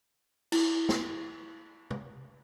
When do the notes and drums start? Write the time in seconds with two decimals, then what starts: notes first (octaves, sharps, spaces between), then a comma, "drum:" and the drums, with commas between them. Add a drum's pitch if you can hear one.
0.52 E4, drum: cymbal
0.89 drum: snare
1.91 drum: tom C3